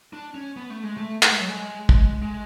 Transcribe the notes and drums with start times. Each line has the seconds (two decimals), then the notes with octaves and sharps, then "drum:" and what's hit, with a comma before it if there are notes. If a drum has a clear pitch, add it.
0.13 D4
0.35 C#4
0.57 B3
0.70 A3
0.83 G#3
0.97 A3
1.23 A3, drum: clap
1.31 G#3
1.40 F#3
1.49 G#3
1.89 G#3, drum: kick
2.22 G#3